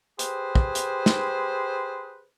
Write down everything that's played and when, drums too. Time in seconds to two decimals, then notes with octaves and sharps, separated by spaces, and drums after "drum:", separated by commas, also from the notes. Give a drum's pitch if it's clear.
0.19 G4 G#4 B4 C5, drum: hi-hat
0.55 drum: kick
0.75 drum: hi-hat
1.06 drum: snare